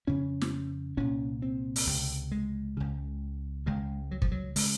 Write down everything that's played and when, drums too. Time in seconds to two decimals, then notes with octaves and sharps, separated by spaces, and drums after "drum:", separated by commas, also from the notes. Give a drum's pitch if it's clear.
0.07 F2 C#3 C#4
0.41 drum: snare
0.97 C2 A#2 C#4
1.42 C4
1.76 drum: open hi-hat
1.87 C#2 C3
2.32 G#3
2.77 C#2 C#3
3.66 C#2 C#3 G#3
4.11 F#3
4.22 F3, drum: kick
4.32 F#3
4.56 C#3 G#3, drum: open hi-hat